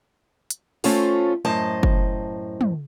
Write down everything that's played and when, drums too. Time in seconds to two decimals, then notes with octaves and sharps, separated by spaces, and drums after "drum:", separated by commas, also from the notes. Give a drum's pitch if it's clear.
0.50 drum: hi-hat
0.84 A3 C4 C#4 F4 A4, drum: open hi-hat
1.45 F#2 A2 C5 D#5 A5
1.83 drum: kick F#1
2.61 drum: tom